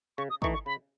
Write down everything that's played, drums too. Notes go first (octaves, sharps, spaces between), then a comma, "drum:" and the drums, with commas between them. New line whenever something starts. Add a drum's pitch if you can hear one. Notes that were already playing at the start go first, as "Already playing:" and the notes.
C#3 C#6
D#6
E3 A3 D#4 C#6, drum: kick
C#6
C#3 B5